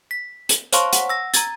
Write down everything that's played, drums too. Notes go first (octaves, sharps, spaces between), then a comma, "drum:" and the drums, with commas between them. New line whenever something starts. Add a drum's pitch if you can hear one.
B6
drum: hi-hat
C5 C#5 F5 A5 C6 C#6, drum: hi-hat
F#5, drum: hi-hat
E6 A#6
A#5 G#6 A6, drum: hi-hat